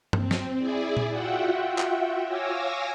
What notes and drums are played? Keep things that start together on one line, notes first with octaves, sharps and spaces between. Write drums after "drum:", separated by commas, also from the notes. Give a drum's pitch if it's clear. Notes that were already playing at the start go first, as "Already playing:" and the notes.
C4, drum: tom G2
drum: snare
E4 G#4 D5
drum: tom A#2
F4 F#4 E5 F#5 G5
drum: clap
C#5 F5 G#5 D6 E6 A#6